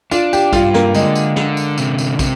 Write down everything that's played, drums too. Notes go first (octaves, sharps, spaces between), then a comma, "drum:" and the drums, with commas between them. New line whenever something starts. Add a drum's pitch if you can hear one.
D4 F4, drum: tambourine
G4, drum: tambourine
G2 F4, drum: kick, tambourine
A#3, drum: snare
D3 G#3, drum: tambourine
drum: tambourine
D3, drum: snare
drum: tambourine
C3, drum: tambourine
drum: tambourine
C3, drum: kick, tambourine